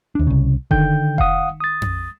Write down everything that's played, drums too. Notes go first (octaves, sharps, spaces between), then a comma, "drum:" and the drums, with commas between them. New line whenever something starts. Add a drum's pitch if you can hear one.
D#2 D4
C2 C#3
D3 D#3 G5 G6, drum: kick F1
F5 F#5 D#6, drum: kick F1
D#6 A6
drum: tom F2